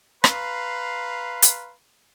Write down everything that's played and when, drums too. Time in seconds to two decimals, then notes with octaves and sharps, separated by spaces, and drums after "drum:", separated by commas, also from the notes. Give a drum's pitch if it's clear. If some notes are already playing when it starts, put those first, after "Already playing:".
0.24 B4 F5 A#5 C6, drum: rim click
1.42 drum: hi-hat